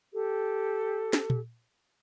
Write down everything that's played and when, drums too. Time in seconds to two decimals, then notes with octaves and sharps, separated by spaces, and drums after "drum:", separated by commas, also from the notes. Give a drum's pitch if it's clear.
0.14 G4 A4
1.13 drum: snare
1.30 drum: tom